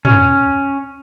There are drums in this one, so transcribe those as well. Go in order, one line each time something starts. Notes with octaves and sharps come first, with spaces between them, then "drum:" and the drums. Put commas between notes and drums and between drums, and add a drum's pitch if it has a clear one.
C#4, drum: tom